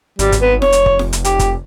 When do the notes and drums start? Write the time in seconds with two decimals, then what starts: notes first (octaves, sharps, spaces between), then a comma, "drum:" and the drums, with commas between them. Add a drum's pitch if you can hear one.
0.19 G#1 G3, drum: hi-hat
0.32 drum: kick, hi-hat
0.41 B3
0.62 F1 C#5, drum: snare F4
0.72 drum: hi-hat
0.86 drum: kick
0.99 drum: snare F4
1.13 drum: hi-hat
1.25 G4, drum: hi-hat
1.39 drum: kick, hi-hat